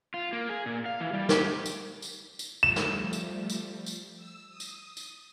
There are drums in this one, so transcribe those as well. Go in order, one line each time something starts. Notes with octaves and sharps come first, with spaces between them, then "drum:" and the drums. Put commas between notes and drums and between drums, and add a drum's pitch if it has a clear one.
F4
A#3
G#4
A#2
F5
E3
G3
G4, drum: snare
drum: tambourine
drum: tambourine
drum: tambourine
F3 G3 A3 E7
drum: snare
drum: tambourine
drum: tambourine
drum: tambourine
E6
D#6
drum: tambourine
drum: tambourine